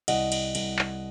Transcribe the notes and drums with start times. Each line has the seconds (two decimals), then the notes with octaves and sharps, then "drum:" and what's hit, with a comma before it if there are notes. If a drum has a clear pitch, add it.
0.08 C2 D#5 F#5, drum: cymbal
0.32 drum: cymbal
0.55 C2, drum: cymbal
0.79 drum: clap